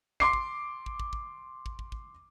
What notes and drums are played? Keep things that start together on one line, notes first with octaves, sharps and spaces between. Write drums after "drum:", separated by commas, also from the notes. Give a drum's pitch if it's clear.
C6 D6 C7, drum: kick
drum: kick
drum: kick
drum: kick
drum: kick
drum: kick
drum: kick
drum: kick